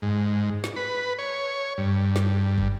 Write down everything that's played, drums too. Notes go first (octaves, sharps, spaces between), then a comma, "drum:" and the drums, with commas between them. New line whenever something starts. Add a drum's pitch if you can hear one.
G#2
drum: snare
B4
C#5
G2
drum: snare
drum: kick